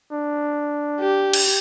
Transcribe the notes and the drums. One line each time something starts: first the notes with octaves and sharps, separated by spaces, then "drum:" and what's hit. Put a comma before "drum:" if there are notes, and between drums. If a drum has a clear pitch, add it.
D4
G4
drum: cymbal